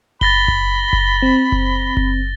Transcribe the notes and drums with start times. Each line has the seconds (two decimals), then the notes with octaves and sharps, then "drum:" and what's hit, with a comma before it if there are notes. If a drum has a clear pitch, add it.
0.21 B5 A6 A#6 G7, drum: kick F#1
0.48 drum: kick F#1
0.93 drum: kick F#1
1.23 C4
1.52 drum: kick F#1
1.97 drum: kick F#1